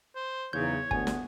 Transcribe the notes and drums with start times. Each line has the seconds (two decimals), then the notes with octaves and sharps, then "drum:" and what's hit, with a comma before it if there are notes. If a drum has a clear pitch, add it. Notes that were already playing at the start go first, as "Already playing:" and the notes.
0.15 C5
0.53 E2 C#3 F#3 D#4 C#5 G6
0.91 D2 B3 G#5, drum: kick G1
1.07 drum: snare